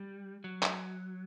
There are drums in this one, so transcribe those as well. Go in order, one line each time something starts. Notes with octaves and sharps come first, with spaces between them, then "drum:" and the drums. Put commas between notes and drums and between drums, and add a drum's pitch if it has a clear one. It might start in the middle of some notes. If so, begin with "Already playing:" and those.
Already playing: G3
F#3
drum: clap